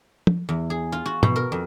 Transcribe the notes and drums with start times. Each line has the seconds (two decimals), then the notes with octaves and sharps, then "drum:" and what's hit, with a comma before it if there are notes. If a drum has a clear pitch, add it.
0.27 drum: tom
0.49 E2
0.70 G#4
0.92 F4
1.06 F#4
1.23 B2, drum: tom G#2
1.36 A#4
1.52 F2